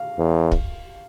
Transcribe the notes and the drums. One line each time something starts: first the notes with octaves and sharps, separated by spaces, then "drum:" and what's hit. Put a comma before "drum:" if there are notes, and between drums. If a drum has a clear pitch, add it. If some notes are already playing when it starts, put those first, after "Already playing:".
Already playing: F5
E2
drum: kick